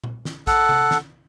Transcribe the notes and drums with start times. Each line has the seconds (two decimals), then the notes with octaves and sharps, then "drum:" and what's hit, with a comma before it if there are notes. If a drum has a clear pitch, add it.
0.04 drum: tom A#2
0.25 drum: snare
0.47 A4 F#5, drum: kick, hi-hat
0.69 drum: tom C3
0.91 drum: snare